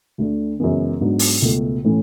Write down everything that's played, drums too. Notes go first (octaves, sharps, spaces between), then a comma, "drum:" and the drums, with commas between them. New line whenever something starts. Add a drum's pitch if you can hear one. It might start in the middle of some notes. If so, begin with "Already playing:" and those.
D2 D3 A3 D4
F#2 C#3 E3 G#3 B3
G#2 F#3 B3 D4
drum: open hi-hat
C#2 B2 A3
A2 E3 A3 C#4